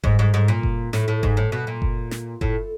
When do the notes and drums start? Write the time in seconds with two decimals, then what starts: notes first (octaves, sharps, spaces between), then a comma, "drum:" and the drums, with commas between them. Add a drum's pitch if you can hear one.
0.04 G#2, drum: kick F#1
0.19 G#2
0.34 G#2
0.48 A#2
0.63 drum: kick F#1
0.93 A2, drum: snare
1.08 A2
1.23 G#2, drum: kick F#1
1.37 A2
1.52 B2
1.67 A#2
1.82 drum: kick F#1
2.11 drum: snare
2.41 A2, drum: kick F#1